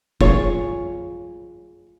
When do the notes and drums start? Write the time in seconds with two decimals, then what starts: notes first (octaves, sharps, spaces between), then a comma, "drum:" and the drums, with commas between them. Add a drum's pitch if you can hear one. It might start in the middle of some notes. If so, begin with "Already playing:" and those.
0.21 F4 G#4 C#5, drum: kick